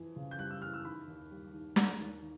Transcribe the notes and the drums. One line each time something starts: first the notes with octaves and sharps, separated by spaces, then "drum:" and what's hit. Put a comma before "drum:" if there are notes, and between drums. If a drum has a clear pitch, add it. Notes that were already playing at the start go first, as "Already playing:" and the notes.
Already playing: F2 E3
C#3
G6
G3 F#6
E6
E3 F6
E6
D#3 B5
D#2
G3
D#3
D#3 A#5, drum: snare
D#2
D#3